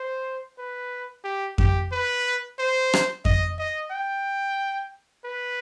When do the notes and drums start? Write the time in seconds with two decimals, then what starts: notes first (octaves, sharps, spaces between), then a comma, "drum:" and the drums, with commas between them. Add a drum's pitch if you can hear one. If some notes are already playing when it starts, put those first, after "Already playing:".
Already playing: C5
0.58 B4
1.24 G4
1.58 G4, drum: kick F2
1.92 B4
2.59 C5
2.93 drum: rim click
3.25 D#5, drum: kick F2
3.59 D#5
3.91 G5
5.25 B4